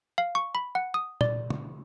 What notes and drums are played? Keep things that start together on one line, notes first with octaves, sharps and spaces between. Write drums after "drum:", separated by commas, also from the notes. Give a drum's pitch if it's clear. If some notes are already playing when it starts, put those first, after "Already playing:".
F5
C#6
B5
F#5
D#6
D5, drum: tom A#2
drum: tom